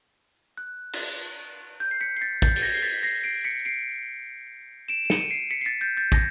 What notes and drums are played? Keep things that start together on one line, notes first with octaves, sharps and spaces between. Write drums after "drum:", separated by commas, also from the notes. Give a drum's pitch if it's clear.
F#6
drum: cymbal
G6
C7
B6 C#7
C7
A6 B6
G6 A6, drum: kick
A6, drum: open hi-hat
G#6 A#6
C7
A6 B6
B6
A#6 C7
C7 D7
B6 C#7
C7 D7
D7 E7
E7
C#7 D#7, drum: snare
D#7
C7 D7
B6 C#7
C7
A6 B6
G6 A6
G6 A6
G#6 A#6, drum: kick